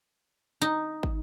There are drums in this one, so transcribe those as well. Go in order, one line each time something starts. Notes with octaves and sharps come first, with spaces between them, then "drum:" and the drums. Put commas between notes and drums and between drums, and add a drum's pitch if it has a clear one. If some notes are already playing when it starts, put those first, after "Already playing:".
D#4
drum: kick